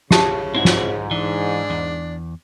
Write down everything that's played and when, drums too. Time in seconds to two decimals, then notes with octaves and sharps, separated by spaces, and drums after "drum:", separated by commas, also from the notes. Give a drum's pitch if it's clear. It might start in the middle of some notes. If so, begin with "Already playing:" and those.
0.11 C#3 G4 E5 A5, drum: snare
0.55 G#2 C4 E4 F#4
0.65 drum: snare
1.11 E3 D4
1.70 E2